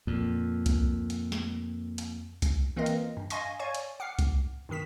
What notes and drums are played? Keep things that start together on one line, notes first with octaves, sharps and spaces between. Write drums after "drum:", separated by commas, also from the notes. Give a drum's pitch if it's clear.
F2 A#2
drum: kick C2, hi-hat
drum: hi-hat
drum: snare
drum: hi-hat
drum: kick C2, hi-hat
E3 A#3 C4 F4 A#4 D#5
drum: hi-hat
G2
D#5 F5 G#5 C6 C#6 A#6, drum: hi-hat
C#5 D5 F5 G#5 C#6
drum: hi-hat
F#5 D6 F6 C7
drum: kick C2, hi-hat
G2 B2 D#3 B6 E7